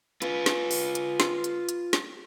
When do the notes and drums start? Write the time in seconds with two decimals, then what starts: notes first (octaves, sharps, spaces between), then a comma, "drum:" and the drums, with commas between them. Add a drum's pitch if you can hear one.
0.22 F4 B4, drum: hi-hat
0.46 drum: snare
0.71 drum: open hi-hat
0.95 drum: hi-hat
1.20 drum: snare
1.44 drum: hi-hat
1.69 drum: hi-hat
1.93 drum: snare